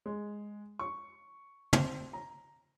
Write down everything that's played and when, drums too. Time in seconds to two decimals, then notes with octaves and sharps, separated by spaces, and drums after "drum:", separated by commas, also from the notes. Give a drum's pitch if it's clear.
0.06 G#3
0.79 C#6
1.73 C4, drum: tom
2.13 A#5